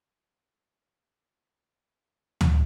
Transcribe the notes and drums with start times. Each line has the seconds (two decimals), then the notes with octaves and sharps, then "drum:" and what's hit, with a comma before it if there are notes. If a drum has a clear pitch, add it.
0.17 D5 C6 C#6
2.41 drum: tom D2